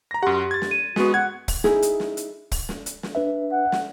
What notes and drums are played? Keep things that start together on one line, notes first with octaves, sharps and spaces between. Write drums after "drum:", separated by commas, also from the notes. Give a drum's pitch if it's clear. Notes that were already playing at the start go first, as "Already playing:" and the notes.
A#5 A#6
F#2 G4 F#5 C6
G#6 A6
drum: snare
D#7
G#3 B3 F#4, drum: snare
F#5 G#6
drum: kick, open hi-hat
D#4 E4 G#4, drum: snare
drum: hi-hat
drum: snare
drum: hi-hat
drum: kick, open hi-hat
drum: snare
drum: hi-hat
drum: snare
D4 B4 E5
F#5
drum: snare